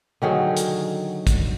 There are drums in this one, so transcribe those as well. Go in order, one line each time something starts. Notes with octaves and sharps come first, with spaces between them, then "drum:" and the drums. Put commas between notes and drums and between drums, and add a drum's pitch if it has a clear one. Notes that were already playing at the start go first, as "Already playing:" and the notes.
D3 D#3 F#3 G#4
drum: hi-hat
drum: kick, hi-hat